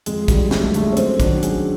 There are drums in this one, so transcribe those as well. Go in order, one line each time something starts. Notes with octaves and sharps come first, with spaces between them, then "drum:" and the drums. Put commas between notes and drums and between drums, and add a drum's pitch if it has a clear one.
F2 G#3, drum: hi-hat
D3 F#3 G3, drum: kick, hi-hat
F2 A3, drum: snare
G#3
D3 F#3 A3, drum: hi-hat
C#4
F#2 C4, drum: hi-hat
D#3 F#3 D4, drum: kick, hi-hat
F#2 G#4, drum: hi-hat